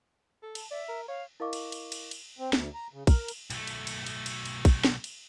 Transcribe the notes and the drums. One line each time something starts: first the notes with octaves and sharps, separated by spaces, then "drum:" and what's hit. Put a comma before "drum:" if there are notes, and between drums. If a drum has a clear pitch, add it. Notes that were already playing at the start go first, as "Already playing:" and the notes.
A4
A5, drum: cymbal
D5 E5
A#4
C#5 F5
E4 A#4 D#5 F5 C#6 D6
drum: cymbal
drum: cymbal
drum: cymbal
drum: cymbal
C4
D2, drum: snare
A#5
C#3
A#4, drum: kick, cymbal
drum: cymbal
B1 A3, drum: cymbal
drum: cymbal
drum: cymbal
drum: cymbal
drum: cymbal
drum: cymbal
drum: kick, cymbal
drum: snare
drum: cymbal